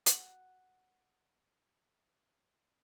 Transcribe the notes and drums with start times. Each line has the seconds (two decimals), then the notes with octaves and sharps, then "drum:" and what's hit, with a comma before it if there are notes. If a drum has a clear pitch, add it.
0.06 F#4 F#5, drum: hi-hat